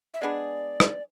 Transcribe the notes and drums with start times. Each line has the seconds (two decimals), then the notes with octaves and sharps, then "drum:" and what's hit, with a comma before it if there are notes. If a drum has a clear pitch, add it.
0.14 E5
0.21 G#3 B3 D4 G#4 D5
0.80 drum: rim click